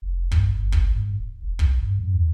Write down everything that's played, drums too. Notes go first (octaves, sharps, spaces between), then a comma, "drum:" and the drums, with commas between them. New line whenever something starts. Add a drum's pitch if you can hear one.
F1
G2, drum: kick
G1
drum: kick
G#2
D#1
E1
C2, drum: kick
G2
F#2
E2